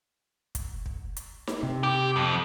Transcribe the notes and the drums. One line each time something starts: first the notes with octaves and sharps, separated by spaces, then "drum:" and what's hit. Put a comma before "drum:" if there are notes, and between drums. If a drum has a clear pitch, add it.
drum: kick, hi-hat
drum: kick
drum: hi-hat
drum: snare D#4
C3
G4
F2